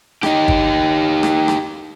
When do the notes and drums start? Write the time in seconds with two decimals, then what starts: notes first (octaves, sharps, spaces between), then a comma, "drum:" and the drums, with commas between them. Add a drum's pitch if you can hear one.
0.23 D#4 G4, drum: rim click
0.48 drum: kick
1.23 drum: rim click
1.48 drum: rim click